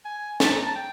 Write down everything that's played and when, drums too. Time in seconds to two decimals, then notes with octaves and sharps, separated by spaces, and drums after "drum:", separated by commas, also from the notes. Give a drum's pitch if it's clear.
0.05 G#5
0.40 A5, drum: snare
0.52 A#5
0.63 A5
0.75 G5